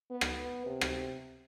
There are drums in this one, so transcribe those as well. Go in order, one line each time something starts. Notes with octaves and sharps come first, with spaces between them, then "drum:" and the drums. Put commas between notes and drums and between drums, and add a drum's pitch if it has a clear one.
B3
drum: rim click
C3
drum: rim click